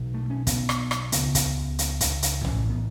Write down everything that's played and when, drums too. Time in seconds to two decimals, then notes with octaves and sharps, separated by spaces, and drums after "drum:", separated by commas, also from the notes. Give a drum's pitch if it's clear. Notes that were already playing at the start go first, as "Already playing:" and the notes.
Already playing: B1 B2
0.14 A3
0.30 C#4
0.47 B3, drum: kick, hi-hat
0.69 drum: rim click
0.91 drum: rim click
1.12 C#2 C#3 B3, drum: hi-hat
1.35 drum: kick, hi-hat
1.79 drum: hi-hat
2.01 drum: kick, hi-hat
2.22 drum: hi-hat
2.45 A1 A2 C#4, drum: tom A#1
2.69 B3